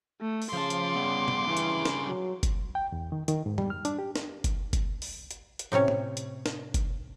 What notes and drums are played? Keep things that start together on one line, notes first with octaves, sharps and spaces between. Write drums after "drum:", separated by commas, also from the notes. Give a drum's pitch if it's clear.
A3
drum: open hi-hat
C#3 F3 A5 C6 D6
drum: hi-hat
G3 B3
drum: tom
G2 C#3 E3
drum: hi-hat
drum: snare
F#3
drum: kick F#1, hi-hat
G5
E2
D#3
D#3, drum: hi-hat
G#2
G3, drum: tom F2
F6
D4, drum: hi-hat
G4
drum: snare
drum: kick F#1, hi-hat
drum: kick F#1, hi-hat
drum: open hi-hat
drum: hi-hat
drum: hi-hat
A2 C3 C#4 C#5
drum: tom
drum: hi-hat
drum: snare
drum: kick F#1, hi-hat